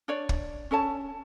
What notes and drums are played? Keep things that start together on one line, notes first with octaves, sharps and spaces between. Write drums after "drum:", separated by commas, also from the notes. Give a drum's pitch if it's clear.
D4 C#5 D5
drum: kick
C#4 A4 C#5 A5